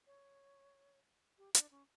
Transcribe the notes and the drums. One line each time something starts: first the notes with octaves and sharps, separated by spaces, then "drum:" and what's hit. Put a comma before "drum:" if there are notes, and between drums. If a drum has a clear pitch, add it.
C#5
G4
D4, drum: hi-hat
C#4